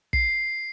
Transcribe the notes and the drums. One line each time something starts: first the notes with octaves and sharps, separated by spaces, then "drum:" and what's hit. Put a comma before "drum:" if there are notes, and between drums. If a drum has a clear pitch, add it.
C7, drum: kick